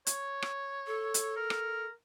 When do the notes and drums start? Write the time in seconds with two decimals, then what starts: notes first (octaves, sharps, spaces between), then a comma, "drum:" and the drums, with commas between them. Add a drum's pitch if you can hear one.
0.07 C#5, drum: hi-hat
0.42 drum: rim click
0.87 A4
1.14 drum: hi-hat
1.36 A#4
1.50 drum: rim click